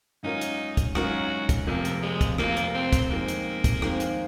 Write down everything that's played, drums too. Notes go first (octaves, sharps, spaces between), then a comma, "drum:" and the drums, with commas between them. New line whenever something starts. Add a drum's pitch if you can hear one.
G#2 F#3 C#4 D#4 F4 A#4
drum: hi-hat
drum: kick, hi-hat
G#2 F#3 C#4 F4 F#4 A#4, drum: rim click
drum: kick, hi-hat
F1 F2 C3 F3 A#3
drum: hi-hat
G#3
drum: kick, hi-hat
F1 F2 C3 F3 A#3, drum: rim click
drum: hi-hat
C4
drum: kick, hi-hat
F2 D#3 G#3 A#3 C4 D#4
drum: hi-hat
drum: kick, hi-hat
F2 D#3 G#3 C4 D#4, drum: rim click
drum: hi-hat